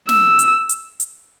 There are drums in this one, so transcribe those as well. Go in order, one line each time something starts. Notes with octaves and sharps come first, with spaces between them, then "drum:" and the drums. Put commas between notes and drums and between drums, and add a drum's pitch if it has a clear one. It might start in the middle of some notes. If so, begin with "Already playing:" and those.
E6, drum: snare
drum: hi-hat
drum: hi-hat
drum: hi-hat